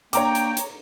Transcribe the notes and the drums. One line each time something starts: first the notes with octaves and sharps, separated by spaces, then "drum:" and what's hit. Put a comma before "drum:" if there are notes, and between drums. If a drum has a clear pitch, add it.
A#3 D4 C#5 G5 A#5 D6, drum: hi-hat
drum: hi-hat
drum: hi-hat